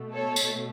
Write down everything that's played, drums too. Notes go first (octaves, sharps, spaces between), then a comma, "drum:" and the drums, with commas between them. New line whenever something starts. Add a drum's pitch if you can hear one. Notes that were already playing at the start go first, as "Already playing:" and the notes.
Already playing: B2 A3
A4 C#5
drum: tambourine